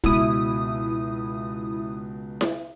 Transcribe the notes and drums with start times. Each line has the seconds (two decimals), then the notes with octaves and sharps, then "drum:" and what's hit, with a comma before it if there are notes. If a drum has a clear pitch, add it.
0.04 C#2 B2 E4 D#6, drum: kick
2.41 drum: snare E4